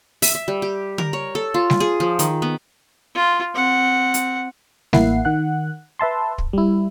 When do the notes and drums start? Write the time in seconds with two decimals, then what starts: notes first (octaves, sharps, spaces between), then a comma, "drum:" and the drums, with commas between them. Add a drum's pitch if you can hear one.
0.22 E5, drum: open hi-hat
0.35 E5
0.48 G3
0.62 G4
0.98 A#4, drum: tom D3
1.13 C#5
1.35 A4
1.54 F4
1.70 drum: snare G3
1.80 G#4
2.00 F3
2.19 D#3, drum: hi-hat
2.42 B3
3.15 F4
3.54 C4 F#5
4.14 drum: hi-hat
4.93 A1 A#3 E4 F#5 C7, drum: snare G3
5.25 D#3 F#5 F#6
5.99 B4 E5 A5 C6
6.38 drum: kick
6.53 G3 E4